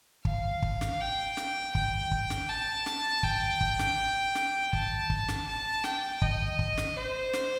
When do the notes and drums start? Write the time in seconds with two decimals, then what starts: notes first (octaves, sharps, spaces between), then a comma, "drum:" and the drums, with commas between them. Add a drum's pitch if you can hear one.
0.25 F5, drum: kick
0.62 drum: kick
0.81 drum: snare
1.00 G5
1.37 drum: snare
1.75 G5, drum: kick
2.11 drum: kick
2.30 drum: snare
2.49 A5
2.86 drum: snare
3.23 G5, drum: kick
3.61 drum: kick
3.79 drum: snare
4.35 drum: snare
4.73 A5, drum: kick
5.10 drum: kick
5.28 drum: snare
5.47 A5
5.84 G5, drum: snare
6.22 D#5, drum: kick
6.59 drum: kick
6.77 drum: snare
6.96 C5
7.33 drum: snare